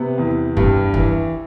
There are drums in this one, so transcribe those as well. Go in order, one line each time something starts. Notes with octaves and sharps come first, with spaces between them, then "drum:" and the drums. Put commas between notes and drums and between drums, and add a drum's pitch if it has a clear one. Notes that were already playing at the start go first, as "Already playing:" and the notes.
Already playing: C3 B3
E2
G2, drum: kick
E3, drum: kick